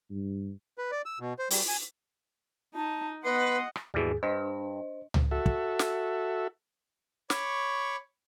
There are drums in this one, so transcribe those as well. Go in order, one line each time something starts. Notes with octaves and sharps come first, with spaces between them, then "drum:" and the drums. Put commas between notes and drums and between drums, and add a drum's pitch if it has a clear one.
G2
B4
D5
E6
B2
C5
G3, drum: open hi-hat
G#5
D#4 A5
B3 B4 D#5 F#5 C6
drum: rim click
D#2 G#2 B2 E3 G3 G#4
G2 D4 C5 D#5
drum: tom C#2
F#4 A4 E5
drum: kick
drum: snare
C#5 B5 C#6 D6, drum: snare